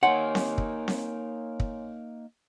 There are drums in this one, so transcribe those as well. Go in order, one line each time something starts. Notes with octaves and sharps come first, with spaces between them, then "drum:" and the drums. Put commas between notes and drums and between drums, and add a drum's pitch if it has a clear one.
A#3 D#4 C#5 F#5 G#5 C6
drum: snare C4
drum: kick
drum: snare C4
drum: kick